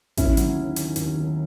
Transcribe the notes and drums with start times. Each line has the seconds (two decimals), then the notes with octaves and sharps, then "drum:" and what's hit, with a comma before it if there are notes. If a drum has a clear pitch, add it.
0.17 D#2 C#4 E4, drum: kick A1, hi-hat
0.37 F#3, drum: hi-hat
0.57 D#3
0.76 D#3, drum: hi-hat
0.96 D#2, drum: hi-hat
1.16 D#3